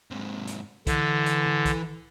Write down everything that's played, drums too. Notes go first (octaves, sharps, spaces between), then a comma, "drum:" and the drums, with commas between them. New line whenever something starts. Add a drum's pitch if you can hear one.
G#2 C3
drum: hi-hat
D3 E3, drum: kick B1, hi-hat
drum: hi-hat
drum: tom G#2
drum: kick B1, hi-hat